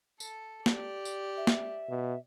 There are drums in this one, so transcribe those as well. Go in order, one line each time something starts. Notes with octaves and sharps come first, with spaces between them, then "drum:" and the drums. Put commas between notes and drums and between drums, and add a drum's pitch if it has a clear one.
A4, drum: tambourine
G4 D5, drum: snare
drum: tambourine
E5
drum: snare
B2